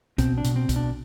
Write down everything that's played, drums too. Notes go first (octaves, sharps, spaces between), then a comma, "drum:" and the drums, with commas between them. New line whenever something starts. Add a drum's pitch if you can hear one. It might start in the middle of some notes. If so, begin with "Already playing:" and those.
B2 C4, drum: kick, hi-hat
D4
B2, drum: hi-hat
C4
B2, drum: kick, hi-hat
D4